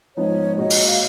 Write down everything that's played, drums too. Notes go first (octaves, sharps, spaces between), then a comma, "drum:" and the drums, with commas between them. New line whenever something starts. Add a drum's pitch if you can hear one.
G#2 F3 B3 D#4 C#5
A#2 G#3 D#4 F#4 D#5
drum: open hi-hat
F5